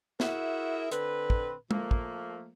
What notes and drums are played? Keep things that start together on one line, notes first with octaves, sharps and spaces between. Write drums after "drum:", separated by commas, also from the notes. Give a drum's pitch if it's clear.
E4 F#4 G#4 A#4 E5, drum: snare
D3 C4 B4, drum: hi-hat
drum: kick
F3 A3 A#3, drum: tom G#3
drum: kick